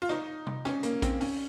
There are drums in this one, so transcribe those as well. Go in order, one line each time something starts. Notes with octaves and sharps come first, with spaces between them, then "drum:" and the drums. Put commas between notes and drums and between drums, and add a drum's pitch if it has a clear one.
F4
D#4, drum: rim click
drum: tom
C#4, drum: rim click
A#3, drum: hi-hat
C4, drum: kick, hi-hat
C#4, drum: open hi-hat